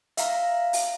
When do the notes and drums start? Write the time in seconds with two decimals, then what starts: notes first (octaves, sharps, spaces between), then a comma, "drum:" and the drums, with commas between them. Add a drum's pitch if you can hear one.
0.17 E5 F5 A#5, drum: hi-hat
0.73 drum: open hi-hat